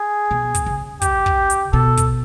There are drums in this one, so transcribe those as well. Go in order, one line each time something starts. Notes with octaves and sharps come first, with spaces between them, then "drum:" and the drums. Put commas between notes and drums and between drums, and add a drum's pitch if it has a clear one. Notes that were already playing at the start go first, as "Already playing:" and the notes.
Already playing: G#4
B2
drum: kick, hi-hat
C#3
G4, drum: kick, hi-hat
drum: kick
drum: hi-hat
B2 A4
drum: kick, hi-hat